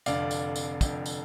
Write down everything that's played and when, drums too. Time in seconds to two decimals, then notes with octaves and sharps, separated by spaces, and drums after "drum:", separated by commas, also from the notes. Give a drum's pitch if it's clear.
0.06 F1 F2 D3 D5 F5, drum: tambourine
0.31 drum: tambourine
0.56 drum: tambourine
0.81 F1 F2 D3, drum: kick, tambourine
1.06 drum: tambourine